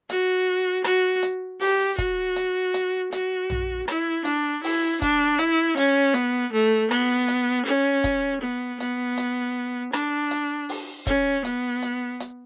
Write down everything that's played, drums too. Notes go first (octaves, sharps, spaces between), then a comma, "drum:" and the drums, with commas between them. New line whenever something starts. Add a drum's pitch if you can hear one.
F#4, drum: hi-hat
F#4, drum: rim click
drum: hi-hat
G4, drum: open hi-hat
F#4, drum: kick, hi-hat
drum: hi-hat
drum: hi-hat
F#4, drum: hi-hat
drum: tom A#1
E4, drum: rim click
D4, drum: hi-hat
E4, drum: open hi-hat
D4, drum: kick, hi-hat
E4, drum: hi-hat
C#4, drum: hi-hat
B3, drum: hi-hat
A3
B3, drum: rim click
drum: hi-hat
C#4
drum: kick, hi-hat
B3
B3, drum: hi-hat
drum: hi-hat
D4, drum: rim click
drum: hi-hat
drum: open hi-hat
C#4, drum: kick, hi-hat
B3, drum: hi-hat
drum: hi-hat
drum: hi-hat